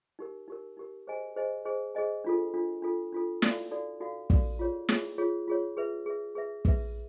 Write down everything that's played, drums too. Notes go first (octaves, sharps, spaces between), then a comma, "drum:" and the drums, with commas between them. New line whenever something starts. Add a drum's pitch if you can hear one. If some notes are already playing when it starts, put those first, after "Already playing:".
D#4 G4 A#4
D#4 G4 A#4
D#4 G4 A#4
G#4 C5 D#5 G#5
G#4 C5 D#5 G#5
G#4 C5 D#5 G#5
G#4 C5 D#5 G#5
D4 F4 A4
D4 F4 A4
D4 F4 A4
D4 F4 A4
D#4 F#4 A4 D5 F5, drum: snare
D#4 F#4 A4 D5 F5
D#4 F#4 A4 D5 F5
D#4 F#4 A4 D5 F5, drum: kick
F4 G#4 C#5
F4 G#4 C#5, drum: snare
F4 G#4 C#5
F4 G#4 C#5
G#4 B4 E5
G#4 B4 E5
G#4 B4 E5
G#4 B4 E5, drum: kick